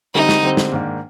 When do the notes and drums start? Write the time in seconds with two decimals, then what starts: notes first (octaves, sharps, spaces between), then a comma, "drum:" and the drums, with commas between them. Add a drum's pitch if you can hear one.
0.14 D3 G3 C4 D#4
0.29 drum: snare
0.43 D3 G3 C4
0.57 drum: snare
0.72 G#2 D#3 A#3 D4